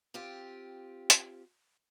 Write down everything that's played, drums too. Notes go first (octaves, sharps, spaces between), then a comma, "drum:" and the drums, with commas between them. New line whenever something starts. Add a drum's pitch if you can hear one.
C4 F4 G4
drum: hi-hat